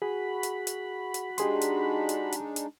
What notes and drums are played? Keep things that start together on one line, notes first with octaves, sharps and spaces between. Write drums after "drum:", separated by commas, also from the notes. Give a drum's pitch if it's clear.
F#4 G#4 B5
drum: hi-hat
drum: hi-hat
drum: hi-hat
G#3 D4 D#4 G4 G#4 C6, drum: hi-hat
drum: hi-hat
drum: hi-hat
drum: hi-hat
drum: hi-hat